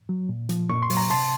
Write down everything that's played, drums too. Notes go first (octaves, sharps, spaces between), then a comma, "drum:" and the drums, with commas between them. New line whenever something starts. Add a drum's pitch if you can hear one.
F#3
A#2
F3, drum: hi-hat
A#2 C#6, drum: tom F#2
C6
F#3, drum: open hi-hat
A#5
C3 A5 C6, drum: open hi-hat